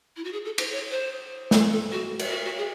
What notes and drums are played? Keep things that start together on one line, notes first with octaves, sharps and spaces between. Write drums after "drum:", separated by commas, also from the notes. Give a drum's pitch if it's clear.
E4
F#4
G#4
A4
C5, drum: cymbal
C#5
C5
A4, drum: snare
A4
F#4
drum: cymbal
F#4
F#4
G#4